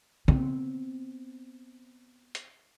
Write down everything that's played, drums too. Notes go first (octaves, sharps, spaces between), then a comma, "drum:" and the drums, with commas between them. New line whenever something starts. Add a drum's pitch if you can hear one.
B3 C4, drum: tom C#3
drum: hi-hat